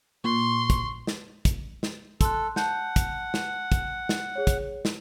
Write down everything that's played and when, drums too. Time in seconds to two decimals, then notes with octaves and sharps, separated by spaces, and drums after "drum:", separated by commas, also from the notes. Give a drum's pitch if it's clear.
0.24 A#2 C6 C#6
0.70 drum: kick, hi-hat
1.07 drum: snare
1.45 drum: kick, hi-hat
1.83 drum: snare
2.21 A4 C6 F#6, drum: kick, hi-hat
2.56 F#5 A5 G6, drum: snare
2.96 drum: kick, hi-hat
3.34 drum: snare
3.72 drum: kick, hi-hat
4.09 drum: snare
4.35 G#4 C#5
4.47 drum: kick, hi-hat
4.85 drum: snare